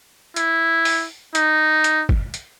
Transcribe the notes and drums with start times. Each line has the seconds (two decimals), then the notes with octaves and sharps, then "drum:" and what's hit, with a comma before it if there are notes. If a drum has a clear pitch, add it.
0.36 E4, drum: hi-hat
0.85 drum: open hi-hat
1.35 D#4, drum: hi-hat
1.84 drum: hi-hat
2.09 drum: kick G1
2.34 drum: hi-hat